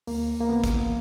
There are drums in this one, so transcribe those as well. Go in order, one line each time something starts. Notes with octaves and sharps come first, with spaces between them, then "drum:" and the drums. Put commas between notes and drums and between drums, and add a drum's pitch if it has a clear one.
D2 A#3, drum: open hi-hat
A#3
C#3 E3 B3
drum: kick, hi-hat